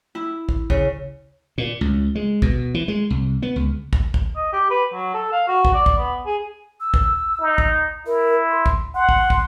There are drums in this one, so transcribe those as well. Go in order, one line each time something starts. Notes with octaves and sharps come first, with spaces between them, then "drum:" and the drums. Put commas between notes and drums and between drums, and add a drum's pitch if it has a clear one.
E4
drum: kick
C#3, drum: kick
A#2
C#2
G#3
B2, drum: kick
E3
G#3
C2
B3
C#2
drum: kick
drum: kick
D#5
G4
B4
F#3
A4
F5
F#4
drum: kick
D5
drum: kick
B3
G#4
E6
drum: kick
D#4
drum: kick
E4 A#4
C6
drum: kick
F#5 C6
drum: kick
drum: kick